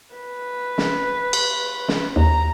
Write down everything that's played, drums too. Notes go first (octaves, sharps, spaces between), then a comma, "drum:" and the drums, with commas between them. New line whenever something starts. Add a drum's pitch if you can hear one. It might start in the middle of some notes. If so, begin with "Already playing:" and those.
B4
drum: snare
drum: cymbal
drum: snare
D#2 A#5